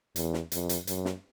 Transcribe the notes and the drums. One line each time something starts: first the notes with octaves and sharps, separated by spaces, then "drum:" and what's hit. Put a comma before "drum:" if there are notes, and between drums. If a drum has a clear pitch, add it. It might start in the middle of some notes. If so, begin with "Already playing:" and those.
E2, drum: hi-hat
drum: snare
F2, drum: hi-hat
drum: hi-hat
F#2, drum: hi-hat
drum: snare